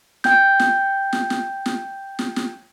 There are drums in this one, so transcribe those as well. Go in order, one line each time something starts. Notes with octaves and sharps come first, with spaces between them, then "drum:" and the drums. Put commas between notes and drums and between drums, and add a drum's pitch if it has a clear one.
G5 G6, drum: snare
drum: snare
drum: snare
drum: snare
drum: snare
drum: snare
drum: snare